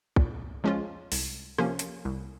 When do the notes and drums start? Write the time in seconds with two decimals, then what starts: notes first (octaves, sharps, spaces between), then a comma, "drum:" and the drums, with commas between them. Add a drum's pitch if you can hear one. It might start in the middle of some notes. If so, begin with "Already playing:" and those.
0.16 A#2, drum: kick
0.64 F3 G#3 C#4 F4
1.12 C2, drum: open hi-hat
1.58 C3 F3 A#3 C#4, drum: rim click
1.79 drum: hi-hat
2.05 C2